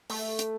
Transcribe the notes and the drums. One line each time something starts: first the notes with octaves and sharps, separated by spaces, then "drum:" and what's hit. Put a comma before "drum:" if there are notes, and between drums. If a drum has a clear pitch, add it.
A3, drum: open hi-hat
drum: hi-hat